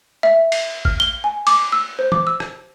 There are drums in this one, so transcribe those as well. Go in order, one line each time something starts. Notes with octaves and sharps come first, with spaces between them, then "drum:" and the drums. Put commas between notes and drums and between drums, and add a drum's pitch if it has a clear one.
E5
C7, drum: cymbal
F6, drum: kick G#1
G7
G#5
D6, drum: cymbal
E6
C5
D6, drum: tom
E6
drum: rim click